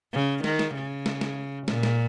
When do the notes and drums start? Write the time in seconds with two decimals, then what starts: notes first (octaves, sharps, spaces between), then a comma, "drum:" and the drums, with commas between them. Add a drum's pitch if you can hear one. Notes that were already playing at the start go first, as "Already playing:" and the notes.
0.13 C#3
0.44 D#3, drum: snare
0.59 drum: snare
0.74 C#3
1.06 drum: snare
1.21 drum: snare
1.68 A#2, drum: snare
1.83 drum: snare